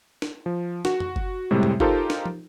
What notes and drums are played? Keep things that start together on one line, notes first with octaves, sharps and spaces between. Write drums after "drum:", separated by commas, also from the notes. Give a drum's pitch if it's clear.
drum: snare
F3
F#4, drum: snare
drum: tom F2
drum: kick F#1
A2 C3 G3 G#3
drum: tom F2
D#4 F4 G4 A4 A#4 C5, drum: kick F#1
drum: snare
drum: tom